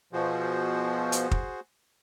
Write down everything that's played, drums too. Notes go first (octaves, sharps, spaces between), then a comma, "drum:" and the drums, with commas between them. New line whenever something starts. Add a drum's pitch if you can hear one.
B2 F3 F#4 G#4 C5
drum: hi-hat
drum: kick